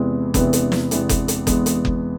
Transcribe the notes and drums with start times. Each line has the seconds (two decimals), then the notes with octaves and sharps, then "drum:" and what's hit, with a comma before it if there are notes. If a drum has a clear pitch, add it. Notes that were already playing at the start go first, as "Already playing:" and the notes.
Already playing: E2 C3 E3 G#3 B3
0.34 E2 C3 E3 G#3 B3, drum: kick F#1, hi-hat
0.53 drum: hi-hat
0.72 drum: snare
0.91 E2 C3 E3 G#3 B3, drum: hi-hat
1.09 drum: kick F#1, hi-hat
1.28 drum: hi-hat
1.47 E2 C3 E3 G#3 B3, drum: kick F#1, hi-hat
1.66 drum: hi-hat
1.85 drum: kick F#1